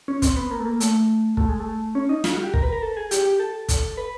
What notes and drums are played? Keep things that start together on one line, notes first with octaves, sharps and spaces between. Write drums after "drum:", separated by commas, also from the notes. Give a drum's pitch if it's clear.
C#4
C4, drum: kick, hi-hat
B3
A#3
A3
A#3
A3, drum: hi-hat
A3, drum: kick
G#3
A3
C#4
D#4
F4, drum: snare
F#4
G4
A#4, drum: kick
B4
A#4
A4
G#4
G4, drum: hi-hat
G4
A4
drum: kick, hi-hat
B4